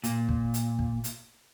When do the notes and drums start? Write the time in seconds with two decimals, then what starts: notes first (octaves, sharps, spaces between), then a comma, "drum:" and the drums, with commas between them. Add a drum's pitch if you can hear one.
0.04 A#2, drum: hi-hat
0.29 drum: kick
0.54 drum: hi-hat
0.79 drum: kick
1.04 drum: hi-hat